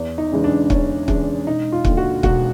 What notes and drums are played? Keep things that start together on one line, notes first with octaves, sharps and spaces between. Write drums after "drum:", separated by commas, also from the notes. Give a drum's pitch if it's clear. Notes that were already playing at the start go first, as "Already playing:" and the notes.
Already playing: E2
D#4
C#3 E3 G#3
D4
E2 C#4, drum: kick
C#3 E3 G#3 D4, drum: kick
E1 D#4
F4
D#2 D3, drum: kick
F#4
E1 F#4, drum: kick